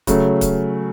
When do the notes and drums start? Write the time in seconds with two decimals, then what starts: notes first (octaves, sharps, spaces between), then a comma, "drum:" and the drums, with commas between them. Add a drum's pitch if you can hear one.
0.07 C#3 F#3 A3, drum: kick C#1, hi-hat
0.41 drum: kick C#1, hi-hat